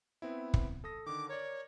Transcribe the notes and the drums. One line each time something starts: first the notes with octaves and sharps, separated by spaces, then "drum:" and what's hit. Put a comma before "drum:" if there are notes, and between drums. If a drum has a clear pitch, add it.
B3 C4 E4
drum: kick
A4 D#6 A#6
D3 D#3 D6
A#4 C#5 D5